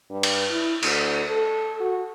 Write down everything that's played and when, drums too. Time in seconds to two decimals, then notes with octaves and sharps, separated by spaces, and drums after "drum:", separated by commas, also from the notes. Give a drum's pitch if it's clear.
0.10 G2
0.23 drum: cymbal
0.50 E4
0.83 D2, drum: cymbal
1.28 A4
1.80 F#4